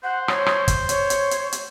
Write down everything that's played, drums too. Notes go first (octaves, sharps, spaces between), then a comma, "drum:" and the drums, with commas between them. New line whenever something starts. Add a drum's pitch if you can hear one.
C5 F#5
C#5, drum: rim click
drum: rim click
drum: kick, hi-hat
C#5, drum: hi-hat
drum: hi-hat
drum: hi-hat
drum: hi-hat